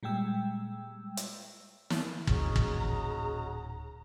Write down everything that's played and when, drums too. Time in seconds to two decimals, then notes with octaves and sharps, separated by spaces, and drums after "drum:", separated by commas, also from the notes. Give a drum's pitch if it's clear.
0.03 A#2 G3 G#3 G5 E6
1.17 drum: hi-hat
1.90 drum: snare
2.27 D1 A#2 C#4 D#4 F#4 G#4 A#5, drum: kick
2.56 drum: kick